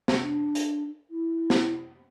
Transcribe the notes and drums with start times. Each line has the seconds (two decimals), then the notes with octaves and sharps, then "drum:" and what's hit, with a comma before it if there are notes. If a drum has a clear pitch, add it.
0.08 drum: snare
0.21 D4
0.55 drum: hi-hat
1.10 E4
1.50 drum: snare